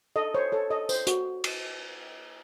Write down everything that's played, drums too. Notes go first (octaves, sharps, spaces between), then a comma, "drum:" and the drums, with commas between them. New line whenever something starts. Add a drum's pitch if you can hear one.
A4 D#5
C5 C#5
A4 C#5
A4 D#5
C5, drum: tambourine
F#4, drum: hi-hat
drum: cymbal